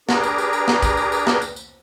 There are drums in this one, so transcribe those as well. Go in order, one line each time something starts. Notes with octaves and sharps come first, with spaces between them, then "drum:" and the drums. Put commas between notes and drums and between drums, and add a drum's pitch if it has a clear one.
D4 G4 G#4 A#4 B4 A#5, drum: snare
drum: tambourine
drum: tambourine
drum: tambourine
drum: snare
drum: kick, tambourine
drum: tambourine
drum: tambourine
drum: snare
drum: tambourine
drum: tambourine